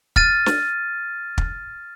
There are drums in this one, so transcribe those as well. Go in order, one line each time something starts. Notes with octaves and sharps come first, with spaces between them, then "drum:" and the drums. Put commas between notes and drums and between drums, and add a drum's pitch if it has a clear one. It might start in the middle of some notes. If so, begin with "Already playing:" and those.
F6 A6 D#7, drum: kick
drum: snare
drum: kick